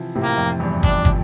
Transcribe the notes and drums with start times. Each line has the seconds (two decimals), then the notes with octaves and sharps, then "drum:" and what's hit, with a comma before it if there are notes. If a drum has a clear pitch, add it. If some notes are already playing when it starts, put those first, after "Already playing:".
Already playing: C3 E3 F3
0.15 A2 C3
0.23 A#3
0.38 F2
0.60 E2 G2
0.83 D4, drum: kick, hi-hat
1.05 drum: kick, hi-hat